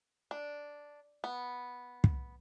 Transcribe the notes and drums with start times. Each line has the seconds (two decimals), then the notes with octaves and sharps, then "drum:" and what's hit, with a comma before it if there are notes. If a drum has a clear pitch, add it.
0.31 D4
1.24 B3
2.04 drum: kick